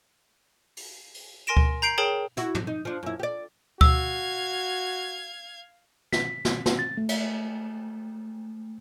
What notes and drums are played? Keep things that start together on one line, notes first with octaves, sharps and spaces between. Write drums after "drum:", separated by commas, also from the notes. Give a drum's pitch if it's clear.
drum: open hi-hat
drum: open hi-hat
A#4 G#5 C6 A#6 D7 E7
drum: kick D2
A#5 G6 C7 D7 F#7
G#4 A#4 C#5 G5 A5 F#7
E4 F#4, drum: hi-hat
drum: tom
D#4
F3 D4
F#2 E4
G4 D5
F#4 F5 E6 G#6, drum: kick D2
B6, drum: snare
drum: snare
drum: snare
A6
A3
drum: cymbal